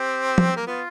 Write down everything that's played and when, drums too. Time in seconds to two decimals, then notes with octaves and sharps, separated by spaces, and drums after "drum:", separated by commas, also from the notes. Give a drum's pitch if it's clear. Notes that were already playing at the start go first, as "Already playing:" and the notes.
Already playing: C4 G4
0.38 drum: tom F3
0.56 A#3
0.67 B3 F4